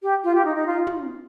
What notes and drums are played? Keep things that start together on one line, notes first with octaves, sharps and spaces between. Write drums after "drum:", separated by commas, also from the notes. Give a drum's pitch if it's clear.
G4
F4
G4
D#4
D#4
F4
drum: tom